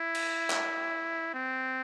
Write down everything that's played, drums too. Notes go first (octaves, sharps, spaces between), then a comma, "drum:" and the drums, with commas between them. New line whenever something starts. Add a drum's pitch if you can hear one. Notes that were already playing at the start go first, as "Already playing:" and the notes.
Already playing: E4
drum: cymbal
drum: clap
C4